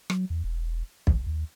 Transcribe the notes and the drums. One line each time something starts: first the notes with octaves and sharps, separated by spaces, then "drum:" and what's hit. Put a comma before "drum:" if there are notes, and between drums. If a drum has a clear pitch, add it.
F#3, drum: rim click
E2
E1
A#1, drum: kick
D#2